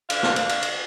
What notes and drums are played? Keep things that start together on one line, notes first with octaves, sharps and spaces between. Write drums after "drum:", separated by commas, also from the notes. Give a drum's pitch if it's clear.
D3 F5, drum: cymbal
drum: snare
drum: cymbal
drum: cymbal
drum: cymbal